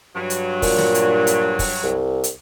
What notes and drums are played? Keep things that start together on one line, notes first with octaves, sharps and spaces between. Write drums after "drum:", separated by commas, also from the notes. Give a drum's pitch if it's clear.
G2 F#3
drum: hi-hat
A#2, drum: kick, open hi-hat
drum: snare
drum: hi-hat
drum: hi-hat
drum: kick, open hi-hat
C2
drum: hi-hat